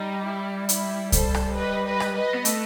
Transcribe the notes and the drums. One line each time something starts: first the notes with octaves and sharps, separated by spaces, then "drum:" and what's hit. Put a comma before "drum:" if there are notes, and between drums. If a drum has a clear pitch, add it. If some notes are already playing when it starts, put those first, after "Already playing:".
Already playing: G3 D#4
E4
E4, drum: hi-hat
A4 C5, drum: kick C2, hi-hat
drum: rim click
B4 D#5
B4 D#5
drum: rim click
B4 D#5
B3
A3, drum: hi-hat